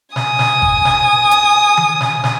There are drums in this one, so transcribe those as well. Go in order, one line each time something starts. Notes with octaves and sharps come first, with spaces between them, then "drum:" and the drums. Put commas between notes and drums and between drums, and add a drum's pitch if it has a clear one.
G#5 D#6, drum: snare
drum: snare
drum: kick G#1
drum: snare
drum: hi-hat
drum: tom D#3
drum: snare
drum: snare